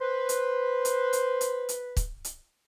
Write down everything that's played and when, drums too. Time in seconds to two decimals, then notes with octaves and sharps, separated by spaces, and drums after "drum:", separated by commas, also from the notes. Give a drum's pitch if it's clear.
0.01 B4 C5
0.29 drum: hi-hat
0.85 drum: hi-hat
1.13 drum: hi-hat
1.41 drum: hi-hat
1.69 drum: hi-hat
1.97 drum: kick, hi-hat
2.25 drum: hi-hat